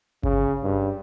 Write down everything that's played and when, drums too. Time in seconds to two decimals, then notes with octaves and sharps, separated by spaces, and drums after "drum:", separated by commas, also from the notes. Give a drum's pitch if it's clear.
0.23 C#3, drum: kick G1
0.64 G2